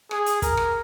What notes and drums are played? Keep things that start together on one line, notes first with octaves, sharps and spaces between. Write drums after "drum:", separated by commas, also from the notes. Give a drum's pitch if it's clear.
G#4, drum: rim click
drum: hi-hat
A#4, drum: kick, hi-hat
drum: rim click